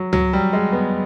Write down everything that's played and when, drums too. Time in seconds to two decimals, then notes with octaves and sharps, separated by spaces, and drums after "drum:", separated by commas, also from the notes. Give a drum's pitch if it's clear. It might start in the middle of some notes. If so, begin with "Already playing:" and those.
Already playing: F#3
0.13 F#3, drum: tom C#2
0.33 G3
0.53 G#3
0.72 B3